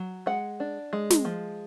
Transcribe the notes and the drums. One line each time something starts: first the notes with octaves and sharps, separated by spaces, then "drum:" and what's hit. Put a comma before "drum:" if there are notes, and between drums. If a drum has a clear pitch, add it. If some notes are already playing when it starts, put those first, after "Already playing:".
Already playing: F#3
G#3 F#5
D4
G#3
drum: snare
F3